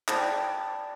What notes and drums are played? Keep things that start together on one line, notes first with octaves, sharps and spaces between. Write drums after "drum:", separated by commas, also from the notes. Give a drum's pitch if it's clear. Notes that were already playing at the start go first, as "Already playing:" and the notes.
D5 G5 A5 B5, drum: clap